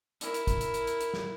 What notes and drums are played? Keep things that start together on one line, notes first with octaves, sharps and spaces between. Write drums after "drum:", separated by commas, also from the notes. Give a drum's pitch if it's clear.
E4 A#4, drum: hi-hat
drum: hi-hat
drum: kick, hi-hat
drum: hi-hat
drum: hi-hat
drum: hi-hat
drum: hi-hat
drum: snare